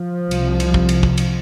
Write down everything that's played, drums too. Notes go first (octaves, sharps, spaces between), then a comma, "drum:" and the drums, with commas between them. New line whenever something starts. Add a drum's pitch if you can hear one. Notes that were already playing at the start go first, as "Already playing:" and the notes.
Already playing: F3
C2 C3, drum: cymbal
drum: cymbal
drum: kick
drum: cymbal
drum: kick
drum: cymbal